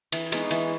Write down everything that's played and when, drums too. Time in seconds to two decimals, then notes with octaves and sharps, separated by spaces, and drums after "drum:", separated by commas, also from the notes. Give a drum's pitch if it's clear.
0.12 E3, drum: cymbal
0.32 G#3 B3 D#4, drum: cymbal
0.51 E3, drum: cymbal